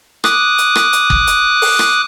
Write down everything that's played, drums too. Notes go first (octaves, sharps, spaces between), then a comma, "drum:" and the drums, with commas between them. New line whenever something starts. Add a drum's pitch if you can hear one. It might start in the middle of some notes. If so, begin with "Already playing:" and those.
D6 D#6 F#6, drum: rim click
drum: hi-hat
drum: rim click
drum: hi-hat
drum: kick
drum: hi-hat
drum: open hi-hat
drum: rim click